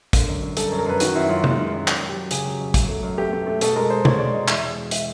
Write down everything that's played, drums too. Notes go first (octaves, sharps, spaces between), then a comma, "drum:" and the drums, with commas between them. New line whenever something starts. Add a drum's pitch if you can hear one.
D3 A#4, drum: kick, hi-hat
F#2
F#2
G3 A4, drum: hi-hat
A#4
F#2
A#4
F#2 B4
D#3 F#4, drum: hi-hat
F#2 E4
F#2 F4
G#3, drum: tom C3
D#3
F#2
F#2, drum: clap
F#2
G4
F#3
C#3 G#4, drum: hi-hat
F#3
F#2
F#3, drum: kick, hi-hat
A3
F#2
A3 G4
A3
A3
B2 A4, drum: hi-hat
G#3 A#4
G#3 C5
G#3 C#5, drum: tom B2
G#3 D5
B2 D#5
E2 E5, drum: clap
G#3
B2
G#3 E5, drum: hi-hat